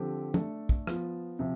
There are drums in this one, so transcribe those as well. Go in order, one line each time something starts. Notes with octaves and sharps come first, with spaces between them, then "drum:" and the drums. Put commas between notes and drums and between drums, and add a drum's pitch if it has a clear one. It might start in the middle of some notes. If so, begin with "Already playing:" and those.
Already playing: D3 F3 C4 G4
A3 D4 A4, drum: tom
drum: kick
F3 B3 F4, drum: rim click
C3 F3